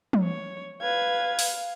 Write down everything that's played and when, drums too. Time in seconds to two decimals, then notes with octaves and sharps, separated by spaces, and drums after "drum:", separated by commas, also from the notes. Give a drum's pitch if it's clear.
0.13 drum: tom
0.24 C#5
0.82 B4 F5 G#6
1.39 drum: open hi-hat